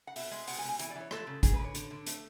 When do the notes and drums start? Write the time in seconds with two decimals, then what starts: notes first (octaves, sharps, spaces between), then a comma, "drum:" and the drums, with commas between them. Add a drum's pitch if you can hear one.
0.07 F#5
0.16 B2 E5, drum: open hi-hat
0.31 G#3
0.47 B2 F#5, drum: open hi-hat
0.58 G#5
0.64 B2
0.69 G#5
0.79 E3 G#5, drum: hi-hat
0.90 D5
0.95 E3 C#5
1.11 E3 A4, drum: rim click
1.27 C#3
1.43 D3 G#4, drum: kick G#1, hi-hat
1.53 B4
1.59 D3
1.64 C#5
1.75 D3, drum: hi-hat
1.91 D3
2.06 A3, drum: hi-hat